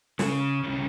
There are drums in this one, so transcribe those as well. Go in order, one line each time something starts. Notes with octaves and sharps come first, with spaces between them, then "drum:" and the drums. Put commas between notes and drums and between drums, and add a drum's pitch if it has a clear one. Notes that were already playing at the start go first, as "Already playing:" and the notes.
C#3, drum: snare
C2 C#3